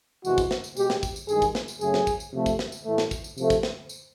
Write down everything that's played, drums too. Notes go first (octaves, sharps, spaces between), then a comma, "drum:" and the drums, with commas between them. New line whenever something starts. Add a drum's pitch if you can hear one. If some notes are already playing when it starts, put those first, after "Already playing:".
E2 C3 E3 G#3 F#4, drum: tambourine
drum: kick, tambourine
drum: snare
drum: tambourine
B2 G#3 G4, drum: tambourine
drum: snare
drum: kick, tambourine
drum: tambourine
G2 D#3 G#3 G#4, drum: tambourine
drum: kick, tambourine
drum: snare
drum: tambourine
F#2 C#3 F#3 A3 G#4, drum: tambourine
drum: snare
drum: kick, tambourine
drum: tambourine
C3 F3 A3
drum: kick, tambourine
drum: snare
drum: tambourine
A2 E3 A3
drum: snare
drum: kick, tambourine
drum: tambourine
C3 F3 A3, drum: tambourine
drum: kick, tambourine
drum: snare
drum: tambourine